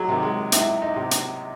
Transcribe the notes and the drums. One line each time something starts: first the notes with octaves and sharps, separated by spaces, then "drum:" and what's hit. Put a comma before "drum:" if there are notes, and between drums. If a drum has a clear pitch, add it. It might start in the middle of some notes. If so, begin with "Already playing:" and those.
Already playing: C#2 F#3 G#3
C3 D#3
G#3
C#2 E4, drum: hi-hat
D#4
C3
drum: hi-hat